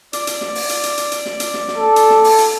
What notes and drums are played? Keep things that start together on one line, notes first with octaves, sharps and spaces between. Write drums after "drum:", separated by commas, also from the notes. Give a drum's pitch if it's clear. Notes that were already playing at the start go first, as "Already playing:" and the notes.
D5, drum: hi-hat
drum: hi-hat
drum: snare
drum: open hi-hat
drum: hi-hat
drum: hi-hat
drum: hi-hat
drum: hi-hat
drum: snare
drum: hi-hat
drum: snare
drum: snare
A4
drum: hi-hat
drum: snare
drum: open hi-hat
drum: hi-hat